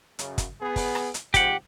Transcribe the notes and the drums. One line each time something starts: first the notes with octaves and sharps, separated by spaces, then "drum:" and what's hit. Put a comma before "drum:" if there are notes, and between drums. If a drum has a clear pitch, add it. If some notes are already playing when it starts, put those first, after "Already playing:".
F#2 C#3, drum: hi-hat
drum: kick G1, hi-hat
B3 G#4
drum: kick G1, open hi-hat
drum: rim click
drum: hi-hat
G#2 C3 F3 G4 F#5, drum: kick G1, hi-hat